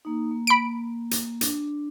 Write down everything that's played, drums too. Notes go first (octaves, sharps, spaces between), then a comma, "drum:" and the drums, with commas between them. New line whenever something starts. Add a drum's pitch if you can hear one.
A#3 D#4
A#3
B5 D7
drum: hi-hat
D4, drum: hi-hat